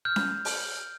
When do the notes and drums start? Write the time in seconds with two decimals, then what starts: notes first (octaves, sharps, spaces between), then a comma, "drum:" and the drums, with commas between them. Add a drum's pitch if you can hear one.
0.05 F6 G6
0.16 drum: snare C#4
0.45 drum: open hi-hat